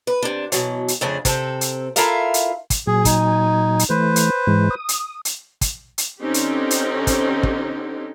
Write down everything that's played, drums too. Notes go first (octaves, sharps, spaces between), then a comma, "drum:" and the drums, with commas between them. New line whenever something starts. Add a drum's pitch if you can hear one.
B4
C3 D4
B2 E3 F#3, drum: hi-hat
drum: hi-hat
F2 C#3 A3 D4
C3 C4 A4, drum: kick, hi-hat
drum: hi-hat
E4 F4 A4 A#4 E5 F5, drum: hi-hat
drum: hi-hat
drum: kick, hi-hat
A#2 F#3 G#4 G#5
D#4, drum: kick, hi-hat
drum: hi-hat
E3 A3 B4 C5
drum: hi-hat
G#2 E3 G#3
D#6
drum: hi-hat
drum: hi-hat
drum: kick, hi-hat
drum: hi-hat
D3 C4 C#4 D#4 G4
drum: hi-hat
drum: hi-hat
drum: kick, hi-hat
drum: kick